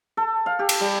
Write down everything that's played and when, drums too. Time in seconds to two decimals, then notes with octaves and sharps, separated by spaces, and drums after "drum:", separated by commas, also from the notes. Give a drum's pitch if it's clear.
0.17 A4
0.46 F5
0.59 G4
0.69 drum: cymbal
0.81 G3